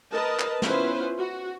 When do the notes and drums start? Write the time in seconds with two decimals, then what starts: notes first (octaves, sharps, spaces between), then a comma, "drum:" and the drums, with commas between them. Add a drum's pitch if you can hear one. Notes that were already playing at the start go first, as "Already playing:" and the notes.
0.13 A#4 B4 D#5 A5
0.39 drum: clap
0.62 B3 C#4 E4 F4 B4 C5, drum: snare
1.18 F#4